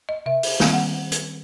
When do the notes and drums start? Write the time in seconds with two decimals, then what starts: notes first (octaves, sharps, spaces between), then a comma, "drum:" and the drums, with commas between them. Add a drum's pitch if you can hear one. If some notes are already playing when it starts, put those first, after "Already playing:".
0.09 D#5
0.26 C3 E5
0.43 drum: open hi-hat
0.60 D#3 G3 C4 F5, drum: snare
0.73 F#5
1.12 drum: hi-hat